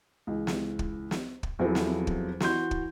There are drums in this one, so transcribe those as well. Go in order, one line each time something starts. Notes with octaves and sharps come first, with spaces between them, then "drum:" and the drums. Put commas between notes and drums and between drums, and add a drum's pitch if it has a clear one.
C#2 E3
drum: snare
drum: kick
drum: snare
drum: kick
E2 F3 F#3 C4 E4 A4
drum: snare
drum: kick
E3 F#4 C6 G6, drum: snare
drum: kick